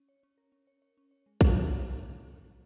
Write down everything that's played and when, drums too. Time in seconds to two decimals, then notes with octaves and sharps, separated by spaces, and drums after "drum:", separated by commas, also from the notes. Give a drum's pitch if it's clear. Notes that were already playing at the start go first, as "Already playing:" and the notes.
Already playing: C#4
0.09 C#5
0.23 C#4
0.38 A#4
0.52 C#4
0.67 C#5
0.82 C#5
0.97 C#4
1.11 C#5
1.26 G#3
1.41 G#3, drum: kick A#1
1.56 G#3
1.71 A#4
1.86 C#4
2.01 C#4
2.15 C#4
2.29 C#5
2.45 F#4